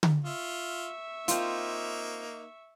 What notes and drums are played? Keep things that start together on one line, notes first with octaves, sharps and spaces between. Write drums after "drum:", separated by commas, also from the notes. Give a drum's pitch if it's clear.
drum: tom D3
F4 E5 C#6
A#3 C4 D#4 F4, drum: hi-hat